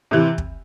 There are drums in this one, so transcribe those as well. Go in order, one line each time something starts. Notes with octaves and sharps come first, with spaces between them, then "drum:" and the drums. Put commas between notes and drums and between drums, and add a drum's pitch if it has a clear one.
C3 E3
drum: kick